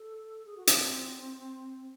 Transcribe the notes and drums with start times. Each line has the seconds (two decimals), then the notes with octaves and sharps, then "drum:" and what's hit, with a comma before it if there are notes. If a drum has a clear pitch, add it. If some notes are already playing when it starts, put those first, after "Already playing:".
Already playing: A4
0.45 G#4
0.57 F#4
0.67 F#4, drum: hi-hat
0.79 C4